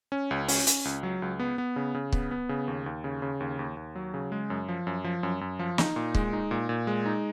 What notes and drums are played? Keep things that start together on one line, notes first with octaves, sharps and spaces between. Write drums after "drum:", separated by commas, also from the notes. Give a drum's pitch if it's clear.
C#4
C#2
C#4, drum: open hi-hat
C#4, drum: hi-hat
C#2
F#3
C#2
B3
B3
C#3
C#3
B3, drum: kick
B3
C#3
D#2
D#2
C#3
C#3
D#2
D#2
D#2
F#3
C#3
G#3
F#2
F3
F#2
F3
F#2
F#2
F3
D#4, drum: snare
A#2
G#3, drum: kick
D#4
A#2
A#2
G#3
D#4